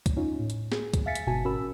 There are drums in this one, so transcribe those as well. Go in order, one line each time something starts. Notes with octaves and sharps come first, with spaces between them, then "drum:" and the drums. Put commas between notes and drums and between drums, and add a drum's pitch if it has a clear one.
drum: kick, hi-hat
C#4 D#4 F4
A2
drum: hi-hat
G#4, drum: snare
drum: kick, hi-hat
E5 F5 G#5 A6 B6 C#7
drum: hi-hat
G1 G#2 B2 F#4 G#5 A5
A1 C#4 F#4 A#4 B5 E6